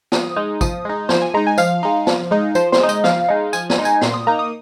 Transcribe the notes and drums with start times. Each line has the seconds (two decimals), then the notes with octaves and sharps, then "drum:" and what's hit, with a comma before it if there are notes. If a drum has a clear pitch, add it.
0.12 F3 D#6, drum: snare
0.36 G#3 D#4
0.61 F3 D#6, drum: kick, tambourine
0.85 G#3 D#4
1.09 F3 C5, drum: snare
1.22 G#5
1.34 G#3 D#4 A#5
1.47 G#5
1.58 F3 F5, drum: tambourine
1.83 G#3 D#4
2.07 F3, drum: snare
2.31 G#3 D#4
2.55 F3 C5, drum: tambourine
2.72 C5, drum: snare
2.80 G#3 D#4
2.89 D#5, drum: tambourine
3.04 F3 F5, drum: snare
3.29 G#3 D#4
3.53 F3 G#5, drum: tambourine
3.70 G#5, drum: snare
3.78 G#3 D#4
3.85 G#5, drum: tambourine
4.01 A#2 C6, drum: snare
4.14 D#6
4.27 A#3 D#4 A#5
4.39 D#6